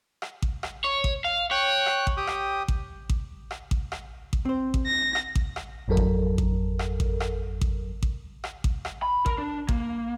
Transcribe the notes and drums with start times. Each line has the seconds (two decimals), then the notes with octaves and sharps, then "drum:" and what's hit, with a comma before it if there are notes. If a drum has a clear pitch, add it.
0.22 drum: rim click
0.42 drum: kick A1
0.63 drum: rim click
0.84 C#5
1.04 drum: kick A1
1.25 F5
1.51 C#5 G5 F#6
1.86 drum: rim click
2.07 drum: kick A1
2.17 G4 G5 D#6
2.27 drum: rim click
2.68 drum: kick A1
3.09 drum: kick A1
3.51 drum: rim click
3.71 drum: kick A1
3.92 drum: rim click
4.33 drum: kick A1
4.45 C4 C5
4.74 drum: kick A1
4.86 A#6
5.15 drum: rim click
5.35 drum: kick A1
5.56 drum: rim click
5.88 G#1 F2 F#3 A4 A#4
5.97 drum: kick A1
6.38 drum: kick A1
6.79 drum: rim click
7.00 drum: kick A1
7.20 drum: rim click
7.61 drum: kick A1
8.03 drum: kick A1
8.44 drum: rim click
8.64 drum: kick A1
8.85 drum: rim click
9.02 B5
9.26 A#4, drum: kick A1
9.38 D4
9.69 A#3, drum: kick A1